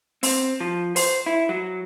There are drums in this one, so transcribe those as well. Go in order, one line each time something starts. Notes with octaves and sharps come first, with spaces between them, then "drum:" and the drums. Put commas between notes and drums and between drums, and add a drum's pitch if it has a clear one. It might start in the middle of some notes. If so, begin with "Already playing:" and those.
C4, drum: open hi-hat
F3
C5, drum: open hi-hat
E4
F#3